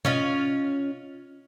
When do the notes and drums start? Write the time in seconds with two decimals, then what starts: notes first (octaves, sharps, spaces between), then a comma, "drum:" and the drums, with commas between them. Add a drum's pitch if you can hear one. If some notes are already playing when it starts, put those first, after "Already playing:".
0.05 C#4 F4 D#5, drum: tom B2